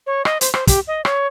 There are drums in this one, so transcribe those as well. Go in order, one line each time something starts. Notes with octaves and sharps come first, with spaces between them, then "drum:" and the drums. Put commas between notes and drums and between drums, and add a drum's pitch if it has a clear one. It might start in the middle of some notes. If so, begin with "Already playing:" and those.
C#5
D#5, drum: rim click
C5, drum: hi-hat
C5, drum: rim click
G4, drum: kick, hi-hat
D#5
C#5, drum: rim click